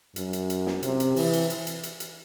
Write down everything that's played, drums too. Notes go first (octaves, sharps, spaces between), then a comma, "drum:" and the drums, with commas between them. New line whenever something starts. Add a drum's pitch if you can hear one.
F#2, drum: hi-hat
drum: hi-hat
drum: hi-hat
drum: snare
C3, drum: hi-hat
drum: hi-hat
E3, drum: open hi-hat
drum: hi-hat
drum: hi-hat
drum: hi-hat
drum: hi-hat
drum: hi-hat